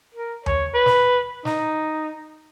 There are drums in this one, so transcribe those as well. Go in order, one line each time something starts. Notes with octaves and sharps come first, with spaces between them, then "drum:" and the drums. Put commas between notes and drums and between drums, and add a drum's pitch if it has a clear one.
A#4
C#5, drum: tom D#2
B4
drum: snare
D#4, drum: snare